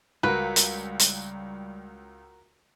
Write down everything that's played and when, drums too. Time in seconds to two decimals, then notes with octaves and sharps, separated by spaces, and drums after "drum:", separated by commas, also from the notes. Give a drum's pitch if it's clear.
0.23 C#2 G3 F#4 A#4 B4
0.56 drum: hi-hat
0.99 drum: hi-hat